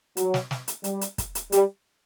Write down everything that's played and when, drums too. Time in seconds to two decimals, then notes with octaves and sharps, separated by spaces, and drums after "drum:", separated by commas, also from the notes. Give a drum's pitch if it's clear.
0.17 F#3, drum: hi-hat
0.34 drum: snare
0.51 drum: snare
0.68 drum: hi-hat
0.84 G3, drum: hi-hat
1.01 drum: hi-hat
1.18 drum: kick, hi-hat
1.35 drum: hi-hat
1.52 G3, drum: hi-hat